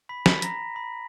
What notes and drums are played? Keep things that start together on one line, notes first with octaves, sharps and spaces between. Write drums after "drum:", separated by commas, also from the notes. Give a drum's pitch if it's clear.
B5 B6
B5 B6, drum: snare
A#5 A#6, drum: hi-hat
B5